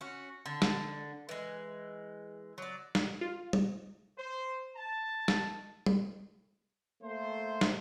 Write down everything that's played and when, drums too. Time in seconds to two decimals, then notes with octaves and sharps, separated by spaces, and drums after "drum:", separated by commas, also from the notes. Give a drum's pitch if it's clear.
0.01 C#4 F#4
0.46 D3
0.62 drum: snare
1.29 E3 G#3
2.58 F#3 D5
2.95 drum: snare
3.21 F4
3.53 drum: tom
4.18 C5
4.76 A5
5.28 drum: snare
5.86 drum: tom
7.03 A3 A#3 C5
7.61 drum: snare